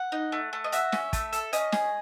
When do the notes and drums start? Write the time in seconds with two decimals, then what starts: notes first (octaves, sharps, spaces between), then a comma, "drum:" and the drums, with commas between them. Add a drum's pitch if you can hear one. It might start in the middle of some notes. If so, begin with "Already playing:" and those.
Already playing: F#5
0.12 D#4
0.32 A3
0.53 A3
0.64 D#5
0.72 F#4 E5, drum: hi-hat
0.92 C#4, drum: snare
1.13 A3, drum: kick, hi-hat
1.33 A4, drum: hi-hat
1.53 C#4 D#5, drum: hi-hat
1.72 G#4, drum: snare